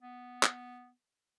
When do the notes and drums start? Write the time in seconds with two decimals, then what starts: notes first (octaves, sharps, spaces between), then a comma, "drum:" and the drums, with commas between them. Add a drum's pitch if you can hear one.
0.02 B3
0.43 drum: clap